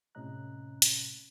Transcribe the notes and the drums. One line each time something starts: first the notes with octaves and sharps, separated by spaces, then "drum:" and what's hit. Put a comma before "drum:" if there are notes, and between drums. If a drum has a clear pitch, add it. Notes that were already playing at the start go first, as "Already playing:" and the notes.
A2 C3 C#4 D#5 A#5 F#6
drum: hi-hat